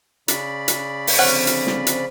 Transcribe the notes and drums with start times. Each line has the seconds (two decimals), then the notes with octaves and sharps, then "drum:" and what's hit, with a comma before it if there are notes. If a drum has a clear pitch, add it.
0.28 C#3 D5 B5, drum: hi-hat
0.68 drum: hi-hat
1.07 drum: open hi-hat
1.19 D3 F3 C4 C5 C#5 F#5
1.47 drum: hi-hat
1.67 drum: snare
1.87 drum: hi-hat